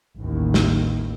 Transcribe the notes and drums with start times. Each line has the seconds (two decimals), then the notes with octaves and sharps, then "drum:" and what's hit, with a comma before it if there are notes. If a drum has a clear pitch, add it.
0.17 A1 D#2
0.54 drum: snare